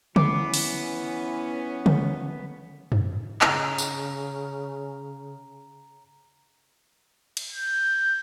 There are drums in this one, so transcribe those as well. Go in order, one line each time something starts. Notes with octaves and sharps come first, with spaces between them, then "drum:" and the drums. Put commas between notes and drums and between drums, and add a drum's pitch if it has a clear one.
E3 B3 C#4 D6 C7, drum: tom
drum: open hi-hat
drum: tom
drum: tom F#2
C#3 A#5, drum: clap
drum: tambourine
drum: cymbal
G6